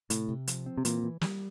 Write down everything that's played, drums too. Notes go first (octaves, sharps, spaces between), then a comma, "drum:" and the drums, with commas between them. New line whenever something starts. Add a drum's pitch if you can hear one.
A2 C3, drum: hi-hat
C3
F3, drum: hi-hat
C4
C3
A#2 E3, drum: hi-hat
E3
G3, drum: snare